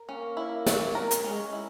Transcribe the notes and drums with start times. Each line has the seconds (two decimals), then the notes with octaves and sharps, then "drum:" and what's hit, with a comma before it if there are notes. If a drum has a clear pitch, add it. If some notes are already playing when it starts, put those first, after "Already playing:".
Already playing: A#4
0.08 A#3 C#4
0.37 E4
0.66 C#4, drum: snare
0.95 A#4
1.11 drum: hi-hat
1.24 G#3 C#4
1.44 G#3
1.53 E4